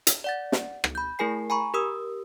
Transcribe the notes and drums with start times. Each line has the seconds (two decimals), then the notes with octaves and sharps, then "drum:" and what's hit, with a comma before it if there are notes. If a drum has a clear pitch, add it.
0.07 drum: hi-hat
0.24 D5 F#5 A6
0.52 drum: snare
0.84 drum: rim click
0.95 B5 G6
1.19 A3 E4 G#4 A#4 G#5 C7
1.50 G#5 A#5 B5 C#6
1.74 G4 A#4 D#6 E6